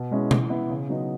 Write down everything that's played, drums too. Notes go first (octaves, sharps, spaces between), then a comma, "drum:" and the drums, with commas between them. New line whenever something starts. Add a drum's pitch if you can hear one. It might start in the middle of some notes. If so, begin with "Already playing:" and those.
Already playing: B2
G#3 C#4 E4
E3, drum: tom B2
B3 E4
C#3
F#3 B3 D#4